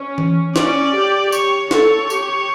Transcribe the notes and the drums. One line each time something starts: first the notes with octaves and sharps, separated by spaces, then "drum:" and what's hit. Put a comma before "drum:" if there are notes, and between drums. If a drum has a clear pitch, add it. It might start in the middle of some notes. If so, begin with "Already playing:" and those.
Already playing: C#4
drum: tom E3
C#4 D5, drum: snare
G4
C#5, drum: tambourine
A4 C#5, drum: snare
G4, drum: tambourine